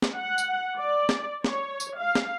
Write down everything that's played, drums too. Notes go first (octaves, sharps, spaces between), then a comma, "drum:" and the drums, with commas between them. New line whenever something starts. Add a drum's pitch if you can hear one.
drum: snare
F#5
drum: tambourine
D5
drum: snare
C#5, drum: snare
drum: tambourine
F5
drum: snare